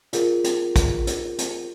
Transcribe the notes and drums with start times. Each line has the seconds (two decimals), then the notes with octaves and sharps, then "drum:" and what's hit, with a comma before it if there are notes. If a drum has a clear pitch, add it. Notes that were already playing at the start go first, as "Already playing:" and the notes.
0.13 F4 G#4 A#4, drum: hi-hat
0.44 drum: hi-hat
0.76 drum: kick, hi-hat
1.07 drum: hi-hat
1.38 drum: hi-hat